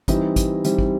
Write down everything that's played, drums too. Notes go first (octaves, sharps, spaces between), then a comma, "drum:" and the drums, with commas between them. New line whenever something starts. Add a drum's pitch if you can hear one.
E3 G3 C4 D#4, drum: kick, hi-hat
drum: kick, hi-hat
E3 G3 C4 D#4, drum: hi-hat
drum: kick